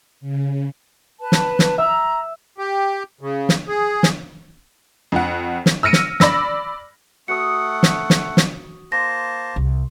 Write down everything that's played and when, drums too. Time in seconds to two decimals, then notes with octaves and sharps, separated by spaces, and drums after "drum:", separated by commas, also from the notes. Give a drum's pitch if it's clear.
0.21 C#3
1.20 B4 A5
1.32 drum: snare
1.59 drum: snare
1.78 E5 A#5 E6
2.58 G4
3.21 C#3
3.49 drum: snare
3.68 G#4
4.03 drum: snare
5.12 F2 F#5
5.66 drum: snare
5.83 E6 F6 A#6 C#7 D#7
5.93 drum: snare
6.20 D5 B5 E6 A#6, drum: snare
7.28 A3 F#4 F#5 C#6 D#6 C#7
7.83 drum: snare
8.10 drum: snare
8.37 drum: snare
8.92 A#3 C5 A5 C6 A#6
9.56 C2